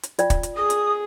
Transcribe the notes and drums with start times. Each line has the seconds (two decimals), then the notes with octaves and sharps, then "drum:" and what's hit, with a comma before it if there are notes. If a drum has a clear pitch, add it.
0.03 drum: hi-hat
0.19 F4 D5 G5, drum: hi-hat
0.30 drum: kick, hi-hat
0.43 drum: hi-hat
0.57 G#4 D#6
0.70 drum: hi-hat